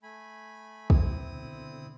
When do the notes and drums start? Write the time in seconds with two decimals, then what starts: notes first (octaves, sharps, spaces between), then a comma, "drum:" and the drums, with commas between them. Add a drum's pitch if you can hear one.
0.03 A3 G#5 B5
0.90 C4 E4 D#6, drum: kick
1.33 B2 D3